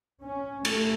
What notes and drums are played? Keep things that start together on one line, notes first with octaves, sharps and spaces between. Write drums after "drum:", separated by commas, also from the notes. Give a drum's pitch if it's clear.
C#4
A3, drum: cymbal